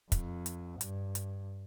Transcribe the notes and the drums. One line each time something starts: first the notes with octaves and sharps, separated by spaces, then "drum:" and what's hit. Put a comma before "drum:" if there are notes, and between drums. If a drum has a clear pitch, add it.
F2, drum: kick, hi-hat
drum: hi-hat
G2, drum: hi-hat
drum: hi-hat